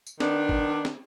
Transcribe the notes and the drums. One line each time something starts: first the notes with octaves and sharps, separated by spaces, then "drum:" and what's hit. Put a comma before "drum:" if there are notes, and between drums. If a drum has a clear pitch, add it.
drum: tambourine
D#3 B3 D4, drum: snare
drum: kick G#1
drum: snare